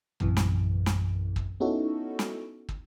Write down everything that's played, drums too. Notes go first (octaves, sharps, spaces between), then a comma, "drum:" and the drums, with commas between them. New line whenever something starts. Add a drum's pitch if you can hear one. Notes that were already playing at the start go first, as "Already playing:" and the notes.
A#1 F#2 C3 E3, drum: kick
drum: snare
drum: snare
drum: kick
B3 C#4 D#4 E4 F#4 A4
drum: snare
drum: kick